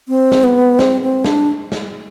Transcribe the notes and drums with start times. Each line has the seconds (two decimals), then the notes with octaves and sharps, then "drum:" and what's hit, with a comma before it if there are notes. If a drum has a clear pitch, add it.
0.08 C4
0.32 drum: snare
0.44 B3
0.79 C4, drum: snare
1.02 C4
1.24 D4, drum: snare
1.72 drum: snare